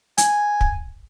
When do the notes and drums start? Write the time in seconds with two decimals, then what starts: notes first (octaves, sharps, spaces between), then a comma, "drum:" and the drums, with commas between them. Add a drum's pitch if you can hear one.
0.18 G#5, drum: hi-hat
0.61 drum: kick